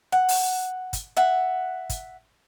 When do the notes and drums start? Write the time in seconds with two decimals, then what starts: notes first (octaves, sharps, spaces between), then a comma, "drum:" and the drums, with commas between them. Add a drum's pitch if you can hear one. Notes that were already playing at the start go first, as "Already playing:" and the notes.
0.12 F#5
0.29 drum: open hi-hat
0.93 drum: kick, hi-hat
1.17 E5 F#5
1.89 drum: kick, hi-hat